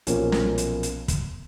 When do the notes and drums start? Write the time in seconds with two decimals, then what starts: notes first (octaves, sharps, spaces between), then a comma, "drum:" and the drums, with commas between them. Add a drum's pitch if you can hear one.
0.07 B1 A#2 F3 A#3 C#4, drum: hi-hat
0.32 drum: snare
0.58 drum: hi-hat
0.83 drum: hi-hat
1.08 drum: kick, hi-hat